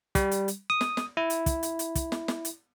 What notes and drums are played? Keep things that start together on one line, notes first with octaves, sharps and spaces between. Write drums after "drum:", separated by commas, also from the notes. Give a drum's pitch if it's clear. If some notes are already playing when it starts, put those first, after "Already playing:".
G3, drum: kick, hi-hat
drum: hi-hat
drum: hi-hat
D#6
drum: snare
drum: snare
E4
drum: hi-hat
drum: kick, hi-hat
drum: hi-hat
drum: hi-hat
drum: kick, hi-hat
drum: snare
drum: snare
drum: hi-hat